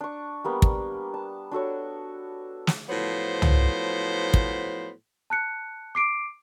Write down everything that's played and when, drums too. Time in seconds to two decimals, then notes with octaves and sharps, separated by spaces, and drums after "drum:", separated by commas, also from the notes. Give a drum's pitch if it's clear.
0.01 D4 C#6
0.44 G3 A#3 B3
0.62 drum: kick
1.14 A5
1.52 D4 F#4 A4 C#5
2.67 drum: snare
2.89 A2 F3 F#3 B3 C5
3.42 drum: tom
4.34 drum: kick
5.30 A5 F#6 C#7
5.95 D6 C7 D7